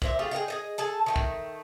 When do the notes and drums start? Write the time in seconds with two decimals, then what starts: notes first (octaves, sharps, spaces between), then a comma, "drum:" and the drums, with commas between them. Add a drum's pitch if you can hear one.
0.02 A#2 C5 E5, drum: kick
0.19 A3 F4 G4 G#4
0.31 G#4 A#4 D#5 G5
0.48 G#4 A4 D#5
0.78 G#4 A4 A5
1.06 D#3 A3 G5
1.16 drum: kick